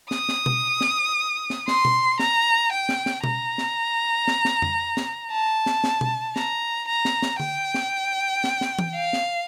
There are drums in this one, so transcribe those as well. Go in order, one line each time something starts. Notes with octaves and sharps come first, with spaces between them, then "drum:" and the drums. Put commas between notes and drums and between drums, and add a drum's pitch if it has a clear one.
D#6, drum: snare
drum: snare
drum: tom B2
drum: snare
drum: snare
C6, drum: snare
drum: tom B2
A#5, drum: snare
G5
drum: snare
drum: snare
A#5, drum: tom B2
drum: snare
drum: snare
drum: snare
drum: tom F2
drum: snare
A5
drum: snare
drum: snare
drum: tom B2
A#5, drum: snare
A#5
drum: snare
drum: snare
G5, drum: tom D3
drum: snare
drum: snare
drum: snare
drum: tom E3
F5
drum: snare